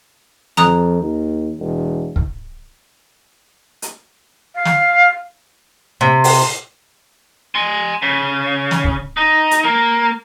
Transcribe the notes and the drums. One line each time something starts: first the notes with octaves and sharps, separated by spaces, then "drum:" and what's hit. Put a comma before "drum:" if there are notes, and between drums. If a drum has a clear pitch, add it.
F2 A#5 D#6 F#6, drum: snare
D#2
E1
drum: kick
drum: hi-hat
F5
drum: snare
C3
drum: open hi-hat
G#5 C6
C#3
drum: snare
drum: kick
D#4
drum: hi-hat
A#3